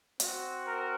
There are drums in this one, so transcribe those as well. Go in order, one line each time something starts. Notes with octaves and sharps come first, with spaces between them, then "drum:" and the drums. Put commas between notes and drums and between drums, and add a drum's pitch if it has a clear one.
C4 F#4, drum: hi-hat
A#4